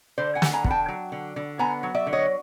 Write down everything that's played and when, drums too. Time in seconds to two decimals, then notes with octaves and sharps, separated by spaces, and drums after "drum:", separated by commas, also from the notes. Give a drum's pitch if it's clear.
0.18 D3 C5 D5
0.35 F#5 G#5
0.42 D3, drum: snare
0.53 G#5 A#5
0.65 B3, drum: kick
0.70 G5 A5
0.88 F#3
1.12 D3
1.36 D3
1.59 B3 G#5 A#5
1.83 F#3
1.94 D5 E5
2.07 D3
2.13 C#5 D#5